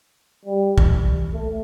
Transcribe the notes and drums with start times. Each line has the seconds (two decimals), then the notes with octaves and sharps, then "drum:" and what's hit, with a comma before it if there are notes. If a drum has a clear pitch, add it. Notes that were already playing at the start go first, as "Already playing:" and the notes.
0.45 G3
0.78 drum: kick
1.33 A3